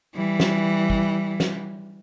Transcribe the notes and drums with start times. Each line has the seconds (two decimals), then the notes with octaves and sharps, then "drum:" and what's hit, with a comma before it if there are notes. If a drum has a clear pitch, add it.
0.15 E3 G3
0.40 drum: snare
0.90 drum: kick
1.40 drum: snare